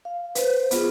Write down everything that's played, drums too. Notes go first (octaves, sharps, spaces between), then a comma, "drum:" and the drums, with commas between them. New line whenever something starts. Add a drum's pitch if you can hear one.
F5
B4 C5, drum: hi-hat
B3 F4 G#4, drum: hi-hat